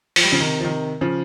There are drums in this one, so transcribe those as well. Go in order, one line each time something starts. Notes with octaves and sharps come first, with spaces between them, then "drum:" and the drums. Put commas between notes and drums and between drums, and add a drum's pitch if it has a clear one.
F3, drum: open hi-hat
G3
C#3 F3
C3 D#3
F3
C3 D#3
C#3 F3